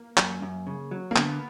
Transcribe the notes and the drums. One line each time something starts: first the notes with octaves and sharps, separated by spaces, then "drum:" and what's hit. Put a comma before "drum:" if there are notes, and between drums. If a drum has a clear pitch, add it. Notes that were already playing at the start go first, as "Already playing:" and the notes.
Already playing: A#3
F#2, drum: clap
F#2
C#3
F#3
A#3
D3 B3, drum: clap